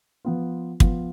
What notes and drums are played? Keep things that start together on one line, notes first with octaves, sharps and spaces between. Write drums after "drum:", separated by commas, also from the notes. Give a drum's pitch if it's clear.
F3 B3 F4
F3 B3 F4, drum: kick